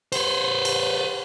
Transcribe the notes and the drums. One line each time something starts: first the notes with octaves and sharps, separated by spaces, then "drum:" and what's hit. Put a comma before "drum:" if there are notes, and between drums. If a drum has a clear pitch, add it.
B4 C5, drum: cymbal
drum: cymbal